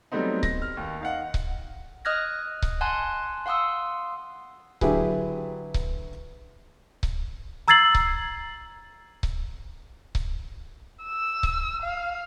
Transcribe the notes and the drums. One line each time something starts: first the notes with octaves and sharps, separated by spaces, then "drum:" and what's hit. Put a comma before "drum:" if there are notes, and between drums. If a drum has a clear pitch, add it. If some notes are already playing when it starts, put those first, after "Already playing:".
F#3 G3 A3 B3 C4 D#4
A#6, drum: kick C#1
F6
D#2
D#4 F5 F#5
drum: kick C#1
D#5 D#6 F6 F#6 G#6 A#6
drum: kick C#1
F#5 G#5 A5 C6 F#6
F5 F#5 C6 D#6 E6
D3 F#3 E4 G4 G#4 B4, drum: kick C#1
drum: kick C#1
drum: kick C#1
A#5 E6 G#6 A6 C7 F#7
drum: kick C#1
drum: kick C#1
drum: kick C#1
E6
drum: kick C#1
F5